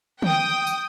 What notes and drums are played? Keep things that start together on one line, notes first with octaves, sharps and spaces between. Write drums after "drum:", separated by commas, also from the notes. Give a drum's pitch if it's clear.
G5 D#6, drum: tom
drum: tambourine